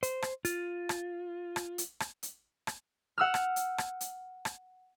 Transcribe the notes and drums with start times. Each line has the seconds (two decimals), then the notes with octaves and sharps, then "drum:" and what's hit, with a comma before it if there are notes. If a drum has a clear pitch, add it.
0.03 C5, drum: hi-hat
0.22 drum: rim click
0.45 F4, drum: hi-hat
0.89 drum: rim click
1.56 drum: rim click
1.78 drum: hi-hat
2.00 drum: rim click
2.23 drum: hi-hat
2.67 drum: rim click
3.18 F#5 E6 F6
3.34 drum: rim click
3.56 drum: hi-hat
3.78 drum: rim click
4.01 drum: hi-hat
4.45 drum: rim click